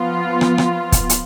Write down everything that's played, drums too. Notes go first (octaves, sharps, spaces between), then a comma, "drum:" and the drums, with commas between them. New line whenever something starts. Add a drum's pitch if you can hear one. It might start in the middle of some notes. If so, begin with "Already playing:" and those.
Already playing: F3 B3 F4
drum: rim click
drum: rim click
drum: kick, hi-hat
drum: hi-hat